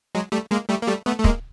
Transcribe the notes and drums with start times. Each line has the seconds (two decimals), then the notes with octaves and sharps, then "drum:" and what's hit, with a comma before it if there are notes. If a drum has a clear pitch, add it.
0.15 F#3 G#3
0.32 G3 A3
0.51 G#3 A#3
0.69 G3 A3
0.82 A#3
0.87 G3 A3
1.06 A3 B3
1.19 A3
1.24 G#3 A#3, drum: kick